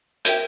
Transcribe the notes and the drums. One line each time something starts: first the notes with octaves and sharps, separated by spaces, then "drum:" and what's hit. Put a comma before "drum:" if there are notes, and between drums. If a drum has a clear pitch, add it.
A#4 E5 G5 G6, drum: hi-hat